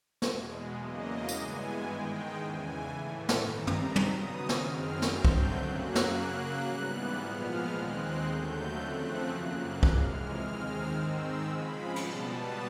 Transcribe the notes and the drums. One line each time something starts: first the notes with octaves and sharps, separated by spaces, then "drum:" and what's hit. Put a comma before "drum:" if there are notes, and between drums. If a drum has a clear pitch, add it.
E2 B2 G#3, drum: snare
E2 C#3 F#3 A#3 D#5
G2 E3 G#3 B3 G#5, drum: tambourine
G#2 D#3 G#3 G5
E2 C#3 E3 G#5
A2 E3 A3
drum: snare
G2 D#3 G3 C4 A#5
drum: tom
C#3 F#3 B3 D#6, drum: tom
F#2 D#3 G#3 C4 F6, drum: snare
G2 D3 F#3 A3 C4 G6, drum: snare
drum: kick C2
F#2 C#3 F#3 A#3 F#6
drum: snare
C#3 F#3 A#3 F#6
G#2 E3 G3 B3
A#2 F3 G#3 B3 F6
D#2 D#3 G#3 C4 F#6
D#2 D3 F#3 A3 G6
F2 C#3 F3 A3 C4 F#6
F#2 C#3 F#3 A#3 F#6
F2 C3 E3 G#3 F6, drum: kick C2
D#2 D#3 G#3 C4 F6
G#2 D#3 G#3 C4 E6
C#3 F3 G#3 B5
B2 G3 B3 A5, drum: cymbal